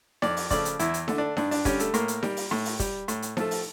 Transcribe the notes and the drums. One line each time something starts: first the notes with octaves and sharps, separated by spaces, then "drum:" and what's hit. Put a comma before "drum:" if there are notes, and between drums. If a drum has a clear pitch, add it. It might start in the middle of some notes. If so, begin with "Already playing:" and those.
F2 D5, drum: snare D#4
drum: open hi-hat
C#3 F3 A3 D5, drum: kick, hi-hat
drum: hi-hat
E2 E4, drum: hi-hat
drum: hi-hat
D3 A3, drum: snare D#4
D4
G2 D4, drum: snare D#4
D4, drum: open hi-hat
D3 G3 C#4, drum: kick, hi-hat
A3, drum: hi-hat
A2 A#3, drum: hi-hat
drum: hi-hat
G3, drum: snare D#4
drum: open hi-hat
A2, drum: snare D#4
drum: open hi-hat
G3, drum: kick, hi-hat
A2, drum: hi-hat
drum: hi-hat
F3 A3, drum: snare D#4
drum: open hi-hat